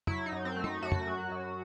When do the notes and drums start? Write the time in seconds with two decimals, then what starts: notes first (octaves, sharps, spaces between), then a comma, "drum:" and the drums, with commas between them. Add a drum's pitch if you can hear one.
0.07 F#3 E4, drum: tom
0.26 D#4
0.32 F#2
0.45 C4
0.56 A3
0.64 D#4, drum: tom
0.82 F#2 F#4
0.92 drum: tom
1.07 F#3
1.32 F#2